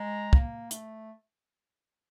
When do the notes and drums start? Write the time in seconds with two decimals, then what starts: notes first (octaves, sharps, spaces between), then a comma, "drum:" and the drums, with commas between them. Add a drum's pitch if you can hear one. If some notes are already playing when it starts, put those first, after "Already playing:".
Already playing: G#3 A#5
0.33 A#3, drum: kick
0.71 A3, drum: hi-hat